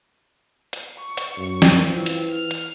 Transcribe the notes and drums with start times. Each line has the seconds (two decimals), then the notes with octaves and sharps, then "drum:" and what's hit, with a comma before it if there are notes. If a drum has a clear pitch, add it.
0.73 drum: hi-hat
0.99 C#6
1.17 drum: hi-hat
1.37 F#2
1.62 drum: snare
1.84 E3 C4 F4
2.06 drum: hi-hat
2.30 F6
2.51 drum: hi-hat